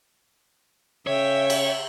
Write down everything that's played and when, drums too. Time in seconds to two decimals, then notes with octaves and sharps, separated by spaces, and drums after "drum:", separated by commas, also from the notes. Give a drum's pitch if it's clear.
1.07 C#3 C#5 E5 G5
1.50 drum: cymbal